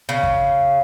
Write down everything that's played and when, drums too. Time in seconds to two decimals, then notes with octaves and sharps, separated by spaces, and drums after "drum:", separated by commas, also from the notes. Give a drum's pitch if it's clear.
0.09 C#3
0.23 drum: kick